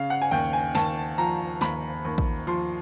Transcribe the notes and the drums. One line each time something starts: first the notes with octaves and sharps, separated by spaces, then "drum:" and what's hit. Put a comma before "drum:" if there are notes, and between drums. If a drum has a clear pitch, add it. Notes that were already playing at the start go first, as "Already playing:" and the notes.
Already playing: C#3 F5
F#5
G#5
D#2 G5
G#5
D#2 A5, drum: snare
F3 A#5
D#2 B5, drum: snare
D#2
drum: kick A1
F3 C6